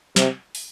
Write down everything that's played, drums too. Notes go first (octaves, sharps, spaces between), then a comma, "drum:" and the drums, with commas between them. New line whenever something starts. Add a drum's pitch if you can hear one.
C3, drum: snare
drum: open hi-hat